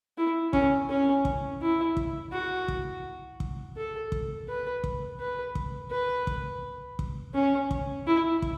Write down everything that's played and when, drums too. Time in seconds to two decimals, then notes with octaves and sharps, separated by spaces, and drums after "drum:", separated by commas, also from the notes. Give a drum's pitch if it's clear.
0.18 E4
0.53 C#4, drum: kick
0.89 C#4
1.25 drum: kick
1.61 E4
1.97 drum: kick
2.32 F#4
2.68 drum: kick
3.40 drum: kick
3.76 A4
4.12 drum: kick
4.48 B4
4.84 drum: kick
5.20 B4
5.55 drum: kick
5.91 B4
6.27 drum: kick
6.99 drum: kick
7.34 C#4
7.71 drum: kick
8.07 E4
8.42 drum: kick